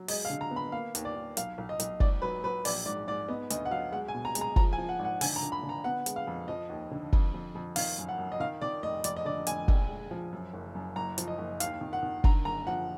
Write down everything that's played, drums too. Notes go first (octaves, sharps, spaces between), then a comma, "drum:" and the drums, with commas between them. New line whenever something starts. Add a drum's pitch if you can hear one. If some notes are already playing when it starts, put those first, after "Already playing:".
Already playing: F#3
G#3 D#5, drum: open hi-hat
F5
D3
A#5
B3
B5
A#3 F5
D#2, drum: hi-hat
D5
D#2
B1 F5, drum: hi-hat
B1
D#5
B1, drum: hi-hat
G#1 D5, drum: kick
F#3 B4
F#3 B4
A#1 D5, drum: open hi-hat
G#2 D5
G#2 D5
B3 D#5
D2 D#5, drum: hi-hat
F#5
F#3 F5
G#3 F#5
G#5
B2
A#5
G#3, drum: hi-hat
A#5
F3 A#5, drum: kick
G#5
F3
F#5
G#1
F#5
D3 G#5, drum: open hi-hat
A#5
D3
B5
D3
A#5
B3 F#5
G#3, drum: hi-hat
F5
F2
F3 D#5
D#2
D3
F2, drum: kick
F2
F2
D#3 F5, drum: open hi-hat
F#2
F#5
F#2
D#5
D#3 F5
D#3 D5
F1 D#5
F1 D5, drum: hi-hat
D#5
D3 D5
F1 G#5, drum: hi-hat
A#1, drum: kick
G#3
F3
F#2
F#1
F#2
F#1 A#5
F3, drum: hi-hat
D#5
F#1
D#2 F5, drum: hi-hat
D#3
F#5
D#3
D3 A#5, drum: kick
F#1 A#5
F3 F#5